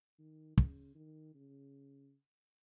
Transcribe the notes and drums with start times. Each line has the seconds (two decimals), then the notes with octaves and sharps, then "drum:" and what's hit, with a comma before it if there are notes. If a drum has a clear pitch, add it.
0.19 D#3
0.58 C#3, drum: kick
0.95 D#3
1.35 C#3